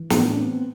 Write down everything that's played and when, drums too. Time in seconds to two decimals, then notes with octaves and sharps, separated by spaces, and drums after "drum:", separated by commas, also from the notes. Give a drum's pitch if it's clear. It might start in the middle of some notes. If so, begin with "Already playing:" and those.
Already playing: E3
0.10 A2 B3, drum: snare
0.25 D4
0.36 B3 C4